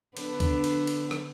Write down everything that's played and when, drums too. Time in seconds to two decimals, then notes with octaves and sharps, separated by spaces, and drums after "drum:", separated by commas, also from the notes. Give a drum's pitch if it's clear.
0.17 D3 B3 D4, drum: cymbal
0.40 drum: kick, cymbal
0.64 drum: cymbal
0.87 drum: cymbal
1.11 drum: rim click